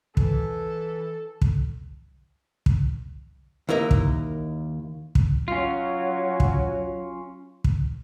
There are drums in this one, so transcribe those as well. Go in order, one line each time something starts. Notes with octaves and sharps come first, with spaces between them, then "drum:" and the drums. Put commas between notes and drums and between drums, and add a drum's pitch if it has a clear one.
E3 A4, drum: kick
drum: kick
drum: kick
D#2 E4 A#4 D#5
drum: kick
drum: kick
F#3 C#4 F4
drum: kick
drum: kick